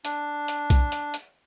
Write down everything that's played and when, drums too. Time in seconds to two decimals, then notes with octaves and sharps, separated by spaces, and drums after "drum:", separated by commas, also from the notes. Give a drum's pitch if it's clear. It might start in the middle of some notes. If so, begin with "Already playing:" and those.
0.05 D4, drum: hi-hat
0.48 drum: hi-hat
0.70 drum: kick B1, hi-hat
0.92 drum: hi-hat
1.14 drum: hi-hat